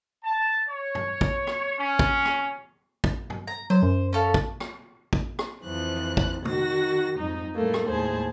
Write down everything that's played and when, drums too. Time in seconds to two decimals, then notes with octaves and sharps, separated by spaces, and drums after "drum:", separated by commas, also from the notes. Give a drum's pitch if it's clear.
0.24 A5
0.69 C#5
0.95 drum: tom G2
1.21 drum: kick
1.47 drum: rim click
1.79 C#4
1.99 drum: kick
2.25 drum: rim click
3.04 drum: kick
3.30 drum: tom G2
3.47 A#5
3.70 F#3 C5
3.82 F#2
4.13 C#4 A4 F5
4.34 drum: kick
4.60 drum: rim click
5.13 drum: kick
5.39 drum: rim click
5.63 F2 E3 F3 F#6
6.17 drum: kick
6.45 D#3 F#4 A#6, drum: tom
7.17 F2 G#2 D#4
7.55 A2 G3 A3 A#3
7.74 drum: rim click
7.86 D#2 A2 G#3 G#4 C5 A5